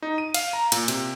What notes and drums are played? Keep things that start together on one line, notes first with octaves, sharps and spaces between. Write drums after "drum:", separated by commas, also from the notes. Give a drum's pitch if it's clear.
D#4
D#7
F5, drum: cymbal
A#5
A#2, drum: cymbal
C3, drum: cymbal